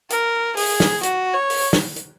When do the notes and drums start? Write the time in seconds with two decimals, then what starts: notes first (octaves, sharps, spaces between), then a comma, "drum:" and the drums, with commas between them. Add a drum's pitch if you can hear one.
0.10 A#4, drum: hi-hat
0.57 G#4, drum: open hi-hat
0.80 drum: snare
1.03 F#4, drum: hi-hat
1.34 C#5
1.50 drum: open hi-hat
1.73 drum: snare
1.96 drum: hi-hat